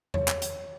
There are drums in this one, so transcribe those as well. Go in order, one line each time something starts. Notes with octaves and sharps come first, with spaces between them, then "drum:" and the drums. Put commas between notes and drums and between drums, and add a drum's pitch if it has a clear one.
C#5, drum: tom E2
drum: clap
drum: hi-hat